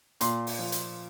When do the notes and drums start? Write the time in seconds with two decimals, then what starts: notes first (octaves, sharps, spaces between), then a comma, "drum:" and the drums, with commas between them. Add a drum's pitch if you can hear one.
0.21 A#2 C6, drum: hi-hat
0.47 drum: open hi-hat
0.59 F3
0.72 drum: hi-hat